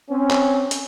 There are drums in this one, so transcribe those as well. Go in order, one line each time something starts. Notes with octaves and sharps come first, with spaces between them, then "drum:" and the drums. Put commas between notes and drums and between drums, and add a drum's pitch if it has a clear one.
C4 C#4
drum: clap
drum: hi-hat